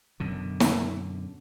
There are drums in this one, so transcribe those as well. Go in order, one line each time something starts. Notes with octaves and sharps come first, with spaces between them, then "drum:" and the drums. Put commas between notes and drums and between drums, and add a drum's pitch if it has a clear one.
F#2 B2 D3
drum: snare